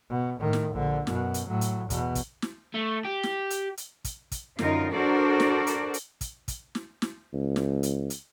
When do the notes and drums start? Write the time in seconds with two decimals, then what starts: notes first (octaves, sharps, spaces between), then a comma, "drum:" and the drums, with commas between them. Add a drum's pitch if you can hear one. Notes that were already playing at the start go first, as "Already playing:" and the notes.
0.10 B2
0.40 A2 D#3
0.53 drum: snare
0.73 A#1 D3
1.07 F#2 B2, drum: snare
1.34 drum: hi-hat
1.48 A2 F#3
1.61 drum: hi-hat
1.90 E2 B2, drum: kick, hi-hat
2.15 drum: kick, hi-hat
2.42 drum: snare
2.74 A3
3.05 G4
3.23 drum: snare
3.50 drum: hi-hat
3.77 drum: hi-hat
4.04 drum: kick, hi-hat
4.32 drum: kick, hi-hat
4.59 F#2 D3 D#4 F4 A#4, drum: snare
4.92 D4 F#4 A4 A#4 C5 D5
5.40 drum: snare
5.67 drum: hi-hat
5.94 drum: hi-hat
6.21 drum: kick, hi-hat
6.48 drum: kick, hi-hat
6.75 drum: snare
7.02 drum: snare
7.33 C#2
7.56 drum: snare
7.83 drum: hi-hat
8.10 drum: hi-hat